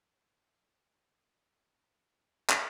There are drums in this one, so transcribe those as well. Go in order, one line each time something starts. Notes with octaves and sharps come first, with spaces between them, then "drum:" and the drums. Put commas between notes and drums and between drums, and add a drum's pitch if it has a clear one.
F4 A#5 C#6
G4
drum: clap